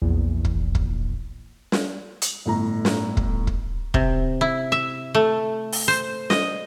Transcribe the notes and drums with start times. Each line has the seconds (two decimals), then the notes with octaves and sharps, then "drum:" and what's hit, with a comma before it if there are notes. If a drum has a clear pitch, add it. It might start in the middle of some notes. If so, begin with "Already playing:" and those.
0.02 A#1 E2
0.45 drum: kick
0.75 drum: kick
1.72 drum: snare
2.22 drum: hi-hat
2.46 G1 A2 A#5
2.85 drum: snare
3.17 drum: kick
3.47 drum: kick
3.94 C3, drum: kick
4.41 E4
4.72 E5
5.15 A3
5.72 drum: open hi-hat
5.88 C5
6.30 D#5, drum: snare